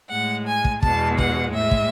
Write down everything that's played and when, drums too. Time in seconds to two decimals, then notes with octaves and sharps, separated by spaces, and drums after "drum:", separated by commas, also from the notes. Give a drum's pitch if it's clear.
0.11 A2 G#3 F#5
0.47 G#5
0.65 drum: kick
0.83 E2 B2 G#3 A5, drum: kick
1.18 F#5, drum: kick
1.53 A2 G#3 E5
1.71 drum: kick